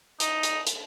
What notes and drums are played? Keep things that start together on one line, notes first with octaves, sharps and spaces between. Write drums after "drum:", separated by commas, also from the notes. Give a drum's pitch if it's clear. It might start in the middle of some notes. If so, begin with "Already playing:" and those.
D#4, drum: hi-hat
drum: hi-hat
drum: hi-hat